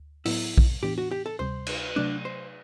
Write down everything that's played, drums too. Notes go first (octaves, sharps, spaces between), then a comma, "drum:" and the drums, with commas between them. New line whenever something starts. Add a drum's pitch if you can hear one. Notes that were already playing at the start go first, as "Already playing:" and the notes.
Already playing: D2
A2 F#3 B3 E4, drum: open hi-hat
drum: kick A#1
A2 E3 B3 D4 G4
F#4
G4
A4
D2 C3 G3 C5
drum: cymbal
C3 F#3 A3 D4
C5